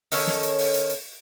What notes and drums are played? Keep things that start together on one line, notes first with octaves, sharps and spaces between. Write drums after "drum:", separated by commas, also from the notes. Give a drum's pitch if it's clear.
D#3 C#4 A4 C#5, drum: open hi-hat
drum: snare
drum: hi-hat
drum: open hi-hat
drum: hi-hat
drum: hi-hat